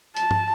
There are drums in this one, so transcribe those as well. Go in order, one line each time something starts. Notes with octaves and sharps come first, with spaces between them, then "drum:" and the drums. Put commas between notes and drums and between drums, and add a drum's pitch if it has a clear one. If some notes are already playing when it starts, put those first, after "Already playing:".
A5, drum: hi-hat
drum: tom G2